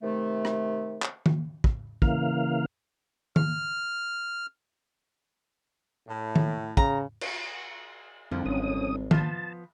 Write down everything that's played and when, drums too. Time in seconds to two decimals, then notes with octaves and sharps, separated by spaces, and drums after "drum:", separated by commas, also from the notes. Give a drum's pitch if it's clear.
0.02 C3 D#3 A3
0.45 drum: rim click
1.02 drum: clap
1.26 drum: tom D#3
1.64 drum: kick
2.02 C#3 E3 A#3 F5, drum: kick
3.36 F6, drum: tom D#3
6.08 A2
6.36 drum: tom D#3
6.77 C#3 A#5, drum: kick
7.21 drum: cymbal
8.31 C2 F2 D3 F3
8.46 G#1 C#4 D#6
9.11 F3 B3 A5, drum: tom D#3